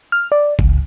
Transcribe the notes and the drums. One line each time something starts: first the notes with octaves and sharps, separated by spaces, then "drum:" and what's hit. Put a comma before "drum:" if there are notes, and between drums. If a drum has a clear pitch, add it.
F6
D5
C#2, drum: kick G1